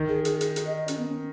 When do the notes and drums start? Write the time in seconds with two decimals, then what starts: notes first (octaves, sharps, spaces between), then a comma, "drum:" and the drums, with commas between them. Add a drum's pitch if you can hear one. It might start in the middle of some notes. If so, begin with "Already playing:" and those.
Already playing: D#3
0.09 G#4
0.25 G#4, drum: hi-hat
0.41 G#4, drum: hi-hat
0.56 G#4, drum: hi-hat
0.67 D#5
0.77 D#5
0.88 C#4, drum: hi-hat
0.98 B3
1.08 C#4